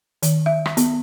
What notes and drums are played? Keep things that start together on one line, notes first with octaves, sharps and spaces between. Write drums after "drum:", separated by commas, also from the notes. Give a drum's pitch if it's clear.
D#3, drum: hi-hat
E5
drum: rim click
B3, drum: hi-hat